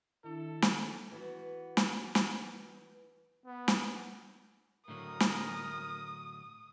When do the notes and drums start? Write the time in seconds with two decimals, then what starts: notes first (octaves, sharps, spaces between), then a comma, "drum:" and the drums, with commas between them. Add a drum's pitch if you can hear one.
0.24 D#3 D4 E4 A4
0.62 drum: snare
1.11 E3 B3 F#4
1.77 drum: snare
2.15 drum: snare
3.46 B3
3.68 drum: snare
4.88 A2 D3 F#3 A#4 D#6
5.20 drum: snare